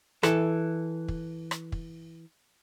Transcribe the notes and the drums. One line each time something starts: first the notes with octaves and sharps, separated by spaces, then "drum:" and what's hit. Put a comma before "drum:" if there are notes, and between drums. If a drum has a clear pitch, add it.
E3 A4, drum: rim click
drum: kick
drum: rim click
drum: kick